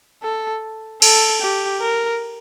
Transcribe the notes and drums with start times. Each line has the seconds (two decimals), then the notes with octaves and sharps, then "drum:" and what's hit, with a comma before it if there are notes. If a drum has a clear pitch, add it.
0.22 A4
1.02 A4, drum: cymbal
1.41 G4
1.81 A#4